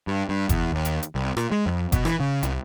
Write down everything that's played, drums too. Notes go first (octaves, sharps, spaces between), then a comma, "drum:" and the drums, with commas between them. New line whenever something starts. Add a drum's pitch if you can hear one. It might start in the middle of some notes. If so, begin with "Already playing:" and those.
G2
G2
E2, drum: kick F#1, hi-hat
D#2
drum: hi-hat
drum: hi-hat
C2
A#2, drum: rim click
G#3
F2
B2, drum: kick F#1, hi-hat
E3, drum: rim click
C#3
C2, drum: hi-hat